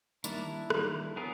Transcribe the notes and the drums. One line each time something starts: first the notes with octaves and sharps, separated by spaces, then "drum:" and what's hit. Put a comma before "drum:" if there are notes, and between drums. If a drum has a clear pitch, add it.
D#3 G3 A#3 D4 E4, drum: tambourine
D#3 G3 A#3, drum: rim click
F#3 B3 G#4 A#4